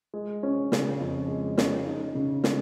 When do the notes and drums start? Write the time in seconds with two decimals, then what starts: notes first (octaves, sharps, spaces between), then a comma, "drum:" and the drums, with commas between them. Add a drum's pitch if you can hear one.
0.14 G#3
0.43 C#4
0.72 C#3, drum: snare
1.00 F2
1.28 G#3
1.57 C#4, drum: snare
1.86 D#4
2.15 C#3
2.44 G#3, drum: snare